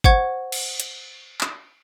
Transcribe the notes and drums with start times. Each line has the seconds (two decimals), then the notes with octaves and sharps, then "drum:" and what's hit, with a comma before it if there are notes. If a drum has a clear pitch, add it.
0.04 C5 F#5 C#6 G#6, drum: kick G1
0.52 drum: cymbal
0.80 drum: hi-hat
1.41 drum: clap